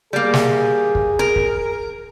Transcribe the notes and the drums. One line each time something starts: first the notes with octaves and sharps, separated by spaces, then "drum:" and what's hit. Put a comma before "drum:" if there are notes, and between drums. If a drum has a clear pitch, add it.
G3 A#3 G#4
drum: snare
drum: kick
A#4
drum: kick